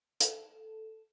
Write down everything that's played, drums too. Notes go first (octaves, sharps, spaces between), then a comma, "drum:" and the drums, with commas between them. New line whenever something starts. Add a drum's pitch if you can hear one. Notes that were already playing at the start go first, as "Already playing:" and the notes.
A4, drum: hi-hat